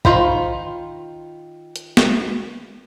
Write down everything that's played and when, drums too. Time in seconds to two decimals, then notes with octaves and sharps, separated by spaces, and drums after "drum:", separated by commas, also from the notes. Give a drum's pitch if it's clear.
0.05 D#3 F4 C5 B5, drum: kick
1.76 drum: hi-hat
1.97 drum: snare